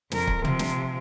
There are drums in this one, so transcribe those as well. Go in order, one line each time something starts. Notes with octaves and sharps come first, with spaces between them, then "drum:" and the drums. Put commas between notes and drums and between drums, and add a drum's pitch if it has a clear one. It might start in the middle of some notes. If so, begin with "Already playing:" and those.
F2 A#4, drum: snare
drum: kick C#1
C3 F3, drum: tom
drum: snare